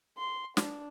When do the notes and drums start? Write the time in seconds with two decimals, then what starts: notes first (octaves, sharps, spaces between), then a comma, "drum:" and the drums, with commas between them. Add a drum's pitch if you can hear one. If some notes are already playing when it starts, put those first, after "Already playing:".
0.17 C6
0.57 D4, drum: snare